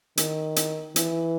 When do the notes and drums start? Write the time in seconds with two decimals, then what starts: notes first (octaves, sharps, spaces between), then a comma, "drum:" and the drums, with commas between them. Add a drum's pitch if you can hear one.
0.17 D#3, drum: hi-hat
0.56 drum: hi-hat
0.96 E3, drum: hi-hat